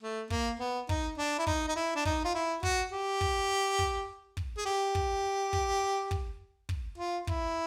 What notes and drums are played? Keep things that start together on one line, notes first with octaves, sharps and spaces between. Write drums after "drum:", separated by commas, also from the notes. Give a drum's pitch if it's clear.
A3
A#3, drum: kick
B3
D#4, drum: kick
D4
E4
D#4, drum: kick
D#4
E4
D4
D#4, drum: kick
F4
E4
F#4, drum: kick
G4
drum: kick
drum: kick
drum: kick
G#4
G4
drum: kick
drum: kick
drum: kick
drum: kick
F4
E4, drum: kick